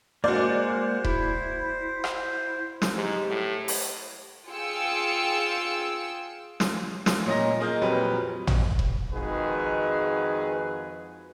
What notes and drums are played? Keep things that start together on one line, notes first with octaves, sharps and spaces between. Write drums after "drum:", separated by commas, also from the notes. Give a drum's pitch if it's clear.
G#3 A#3 F#4 C5 D5
E4, drum: kick E1
drum: rim click
drum: snare
G#2 G4
A2
drum: open hi-hat
F4 G#4 F5 G5 E6 C#7
drum: snare
drum: snare
A#2 C#4 D#5 A#5 A#6
A#3 G#4 D#5 F6 G6
F2 A#2 F#3 G3 B4
drum: tom
drum: kick E1
F2 D#3 G#3 F#4 G#4 B4